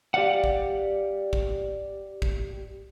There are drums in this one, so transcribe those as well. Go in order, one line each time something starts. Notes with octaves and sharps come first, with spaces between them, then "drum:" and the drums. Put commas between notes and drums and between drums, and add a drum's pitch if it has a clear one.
G4 D5 F5 F#5
drum: kick
drum: kick
drum: kick